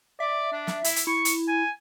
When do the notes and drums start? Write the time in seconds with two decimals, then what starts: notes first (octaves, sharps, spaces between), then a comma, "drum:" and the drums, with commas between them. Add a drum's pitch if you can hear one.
0.20 D5 E5
0.53 D4
0.67 drum: snare
0.84 E4, drum: hi-hat
0.96 drum: hi-hat
1.07 E4 C#6
1.25 drum: hi-hat
1.48 G#5